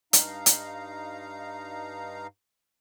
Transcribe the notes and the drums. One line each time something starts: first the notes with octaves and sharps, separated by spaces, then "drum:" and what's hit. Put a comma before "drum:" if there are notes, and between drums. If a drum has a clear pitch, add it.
G2 D#4 F5 A#5, drum: hi-hat
drum: hi-hat